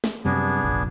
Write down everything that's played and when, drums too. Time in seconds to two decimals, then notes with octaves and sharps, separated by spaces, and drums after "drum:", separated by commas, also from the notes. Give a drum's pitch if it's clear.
0.04 drum: snare
0.25 F#2 C3 G3 B3 D4 G#4
0.64 F1 A#1